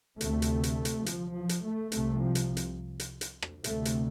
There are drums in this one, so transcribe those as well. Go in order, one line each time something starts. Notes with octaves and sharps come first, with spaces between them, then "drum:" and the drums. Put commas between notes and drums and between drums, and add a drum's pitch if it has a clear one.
D2 C3 A3, drum: hi-hat
drum: hi-hat
drum: hi-hat
drum: hi-hat
F3, drum: hi-hat
F3
drum: hi-hat
A3
C2 C3 A3, drum: hi-hat
F3
drum: hi-hat
drum: hi-hat
drum: hi-hat
drum: hi-hat
drum: rim click
D2 C3 A3, drum: hi-hat
drum: hi-hat